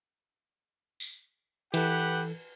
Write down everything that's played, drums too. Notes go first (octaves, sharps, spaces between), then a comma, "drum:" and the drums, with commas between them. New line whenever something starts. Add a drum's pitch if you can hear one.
drum: tambourine
E3 G4 A4 B4 F#5, drum: cymbal